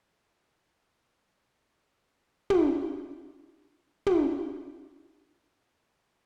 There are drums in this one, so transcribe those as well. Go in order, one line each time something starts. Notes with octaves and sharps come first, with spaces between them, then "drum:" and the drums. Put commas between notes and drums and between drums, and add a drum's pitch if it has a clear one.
D6 F#6
C5 E5 F6 G#6
B3 E4 A4 E5
G#5 C#6
drum: tom
drum: tom
C#4 E4